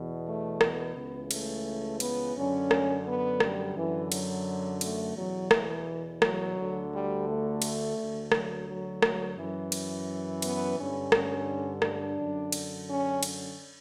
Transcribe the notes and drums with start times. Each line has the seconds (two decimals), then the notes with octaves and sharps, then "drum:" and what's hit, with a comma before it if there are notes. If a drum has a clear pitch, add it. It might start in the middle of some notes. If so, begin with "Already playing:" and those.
Already playing: E2 B2
0.26 A3
0.61 B3, drum: rim click
0.95 C#2 C#3 E3
1.31 A3, drum: cymbal
2.00 B3, drum: cymbal
2.35 F#2 D3 C#4
2.71 drum: rim click
3.06 B3
3.40 G3, drum: rim click
3.75 F#2 D3 E3
4.12 F#3, drum: cymbal
4.81 A3, drum: cymbal
5.16 E2 B2 F#3
5.51 E3, drum: rim click
6.22 F#3, drum: rim click
6.56 D2 D3
6.92 G3
7.27 A3
7.62 drum: cymbal
7.97 D2 D3
8.32 F#3, drum: rim click
8.67 F#3
9.02 F#3, drum: rim click
9.37 F#2 E3
9.72 drum: cymbal
10.42 B3, drum: cymbal
10.77 G2 D3 C#4
11.12 C#4, drum: rim click
11.82 D4, drum: rim click
12.17 F#2 D3
12.52 drum: cymbal
12.88 C#4
13.23 drum: cymbal